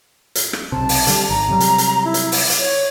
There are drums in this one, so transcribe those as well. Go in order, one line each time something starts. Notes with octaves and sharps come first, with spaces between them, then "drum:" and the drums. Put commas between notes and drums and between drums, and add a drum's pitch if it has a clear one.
drum: hi-hat
drum: rim click
B1 C3 A5
drum: open hi-hat
D3 G3, drum: hi-hat
G#1 A#5
C3 F#3 G3
drum: hi-hat
drum: hi-hat
E4
drum: hi-hat
drum: open hi-hat
drum: hi-hat
C#5